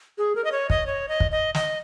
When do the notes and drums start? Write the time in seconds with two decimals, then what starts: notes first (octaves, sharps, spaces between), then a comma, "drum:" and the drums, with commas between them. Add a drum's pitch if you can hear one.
0.18 G#4
0.36 A#4
0.44 D#5
0.52 C#5
0.70 D#5, drum: kick
0.86 C#5
1.09 D#5
1.20 drum: kick
1.31 D#5
1.55 D#5, drum: snare